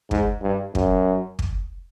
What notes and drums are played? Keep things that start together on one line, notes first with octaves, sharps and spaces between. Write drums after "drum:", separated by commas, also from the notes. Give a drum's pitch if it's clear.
G#2, drum: kick
G2
F#2, drum: kick
drum: kick